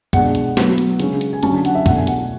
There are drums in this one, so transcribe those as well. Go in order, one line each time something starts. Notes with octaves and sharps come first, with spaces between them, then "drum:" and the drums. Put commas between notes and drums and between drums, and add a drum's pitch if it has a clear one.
B2 G#3 D4 F#5, drum: kick, hi-hat
drum: hi-hat
A2 F#3 B3, drum: snare
drum: hi-hat
C#3 G#3 C#4, drum: hi-hat
drum: hi-hat
G#5
D3 F#3 C#4 A5, drum: hi-hat
G#5
F#5, drum: hi-hat
E5
B2 A3 D4 F#5, drum: kick, hi-hat
G#5
F#5, drum: hi-hat